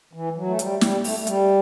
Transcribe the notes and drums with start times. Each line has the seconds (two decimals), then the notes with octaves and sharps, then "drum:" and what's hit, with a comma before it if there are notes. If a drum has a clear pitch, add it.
0.13 E3
0.37 F#3
0.48 A3
0.59 G3, drum: hi-hat
0.81 G3, drum: snare
1.04 A3, drum: open hi-hat
1.19 A3
1.27 G3, drum: hi-hat